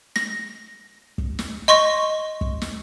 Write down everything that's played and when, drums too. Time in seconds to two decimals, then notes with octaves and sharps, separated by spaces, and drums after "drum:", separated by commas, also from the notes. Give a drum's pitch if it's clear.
0.16 A#6, drum: snare
1.18 drum: kick
1.39 drum: snare
1.68 D#5 C6 C#6 A#6
2.41 drum: kick
2.61 drum: snare